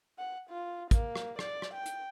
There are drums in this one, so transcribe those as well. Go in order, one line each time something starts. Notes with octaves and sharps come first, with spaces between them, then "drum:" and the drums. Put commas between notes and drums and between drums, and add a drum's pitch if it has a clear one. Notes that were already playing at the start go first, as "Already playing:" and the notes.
F#5
F4
A#3, drum: kick, hi-hat
drum: rim click
D5, drum: rim click
drum: rim click
G5
drum: hi-hat